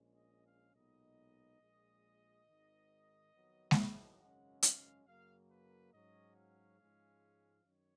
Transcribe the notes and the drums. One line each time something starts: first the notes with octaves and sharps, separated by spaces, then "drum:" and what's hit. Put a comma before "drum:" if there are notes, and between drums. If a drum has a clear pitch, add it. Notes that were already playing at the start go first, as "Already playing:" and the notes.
Already playing: A#1 A#2 G#3 C#4
D#5
F5
B1 A#2 G#3 B3 D#4 D#5
A#1 A#2 G#3
G#1 G#2 D#3
F2 D#3 F#3 B3
drum: snare G#3
G#1 F#2 C#3 G#3 C#4 F#5
F5, drum: hi-hat
F#2 C#3 F#3 A#3 F5
B4
G#2 F#3 C#4 D#5
F5
G#2 F3 G#3 C#4
F#2 D#3 C#5